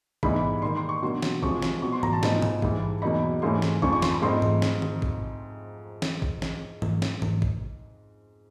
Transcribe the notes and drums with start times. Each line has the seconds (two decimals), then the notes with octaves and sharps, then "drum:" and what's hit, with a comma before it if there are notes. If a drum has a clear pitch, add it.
0.23 G#2 E3 G3 B3 D#4 B5, drum: kick
0.36 B5
0.62 D#3 G3 A#3 D#4 C6
0.76 C6
0.89 C#6
1.02 B2 F#3 A#3 D4 C6
1.22 drum: snare
1.43 C3 F3 G#3 C#6, drum: kick
1.62 drum: snare
1.82 B2 F#3 B3 C#6
1.92 C6
2.03 A#5, drum: tom
2.13 A5
2.23 G#2 F3 G#3 B3 D#4, drum: snare
2.42 drum: tom A2
2.62 G#2 E3 G3, drum: kick
3.02 E2 B2 F#3 A#3 D#4 B5
3.42 G#2 E3 A3 C#4 C6
3.62 drum: snare
3.82 F2 C#3 F3 G#3 C#6, drum: kick
3.92 C#6
4.02 C6, drum: snare
4.12 B5
4.22 G#2 F3 A3 C4 D#4 C6
4.42 drum: tom
4.62 drum: snare
4.82 drum: tom D#3
5.02 drum: kick
6.02 drum: snare
6.22 drum: kick
6.42 drum: snare
6.82 drum: tom
7.02 drum: snare
7.22 drum: tom
7.42 drum: kick